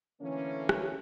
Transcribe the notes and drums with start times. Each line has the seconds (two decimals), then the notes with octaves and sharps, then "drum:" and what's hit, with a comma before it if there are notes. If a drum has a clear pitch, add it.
0.22 D3 E3 A3 A#3 C#4
0.69 drum: rim click